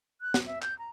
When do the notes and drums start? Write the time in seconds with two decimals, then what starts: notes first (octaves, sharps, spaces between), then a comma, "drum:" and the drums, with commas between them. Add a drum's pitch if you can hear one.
0.21 F#6
0.34 drum: snare
0.46 E5
0.62 G6, drum: clap
0.79 A#5